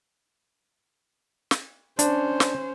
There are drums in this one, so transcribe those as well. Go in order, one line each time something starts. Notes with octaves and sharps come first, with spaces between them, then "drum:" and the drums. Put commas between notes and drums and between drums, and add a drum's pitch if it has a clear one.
drum: snare
C#4 D4 C5, drum: hi-hat
drum: snare